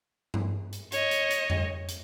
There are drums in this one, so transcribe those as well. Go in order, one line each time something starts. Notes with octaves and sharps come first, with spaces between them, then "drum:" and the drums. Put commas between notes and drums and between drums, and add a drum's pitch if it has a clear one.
drum: tom G2
drum: hi-hat
C#5 D#5, drum: hi-hat
drum: hi-hat
drum: hi-hat
drum: tom F2
drum: hi-hat